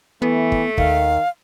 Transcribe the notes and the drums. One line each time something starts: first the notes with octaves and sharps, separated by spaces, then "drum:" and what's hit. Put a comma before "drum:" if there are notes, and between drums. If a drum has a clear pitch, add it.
E3 A3 B3
drum: kick
D#2 D#3 F5, drum: kick